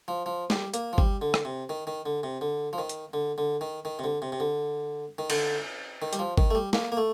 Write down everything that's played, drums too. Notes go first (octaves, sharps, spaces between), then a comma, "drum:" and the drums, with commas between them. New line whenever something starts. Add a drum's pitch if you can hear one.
F3
F3
G3, drum: snare
A#3, drum: hi-hat
F3
G3, drum: kick G1
D3
drum: rim click
C3
D#3
D#3
D3
C3
D3
F3
D#3
drum: hi-hat
D3
D3
D#3
D#3
C3
D3
C3
C3
D3
D#3
D3, drum: cymbal
D#3
G3, drum: hi-hat
F3
D#3, drum: kick G1
A3
G3
A#3, drum: snare
A#3
A3